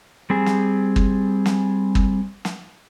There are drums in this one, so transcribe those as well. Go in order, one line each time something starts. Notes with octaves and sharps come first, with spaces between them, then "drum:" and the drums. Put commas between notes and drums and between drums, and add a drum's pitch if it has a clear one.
G3 C4 G#4
drum: snare
drum: kick
drum: snare
drum: kick
drum: snare